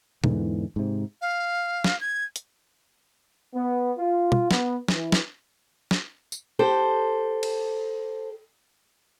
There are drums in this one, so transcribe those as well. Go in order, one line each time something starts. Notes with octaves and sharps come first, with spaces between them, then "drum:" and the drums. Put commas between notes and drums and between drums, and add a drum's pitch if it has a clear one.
E2 G#2 D3 E3, drum: tom B2
G#2 C3
F5
drum: snare
G#6
drum: hi-hat
B3
F4
drum: tom B2
B3, drum: snare
E3, drum: snare
drum: snare
drum: snare
drum: tambourine
G4 A4 C5
drum: cymbal